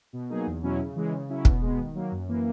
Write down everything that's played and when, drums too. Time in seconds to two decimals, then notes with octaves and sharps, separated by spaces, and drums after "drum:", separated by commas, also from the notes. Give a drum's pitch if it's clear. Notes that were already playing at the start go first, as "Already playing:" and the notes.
0.13 B2
0.30 F#3 A#3 D#4 G#4
0.46 E2
0.63 B2 F#3 C#4 E4
0.79 C#3
0.96 E3 G#3
1.12 C#3
1.29 F#3 C#4 E4
1.45 B2, drum: kick
1.62 G#3 B3
1.78 D#3
1.94 F#3 A#3
2.12 F#2
2.28 E3 A#3